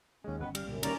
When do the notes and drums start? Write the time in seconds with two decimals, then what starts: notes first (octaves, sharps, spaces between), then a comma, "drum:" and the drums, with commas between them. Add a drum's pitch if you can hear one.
0.24 D#2 G#3 C#4
0.40 G1 D#3 B3 C#4 B4
0.55 G3 F5, drum: cymbal
0.67 C2 F#2 A#2 D3
0.83 D#3 G3 A#3 C#4 D5 A#5, drum: cymbal